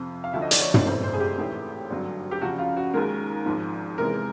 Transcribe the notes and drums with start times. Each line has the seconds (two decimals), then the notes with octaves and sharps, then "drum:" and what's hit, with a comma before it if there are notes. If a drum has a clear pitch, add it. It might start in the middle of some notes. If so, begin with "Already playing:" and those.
Already playing: F2 C3 F3
0.24 F5
0.33 D2 D3 F3 E5
0.42 D#5
0.51 D5, drum: hi-hat
0.60 C#5
0.74 C#5, drum: tom
0.85 F#1 F2 C3 E3 A3 C5
1.03 C5
1.13 G#4
1.20 G4
1.38 A1 G#2 E3 A3
1.90 G#1 G2 D3 F#3
2.31 G4
2.41 C#2 C#3 F3 F#4
2.58 F4
2.77 F#4
2.94 D#2 D#3 G#3 A#4
3.46 G#1 G#2 F3
3.97 E2 C3 E3 G#3 A#4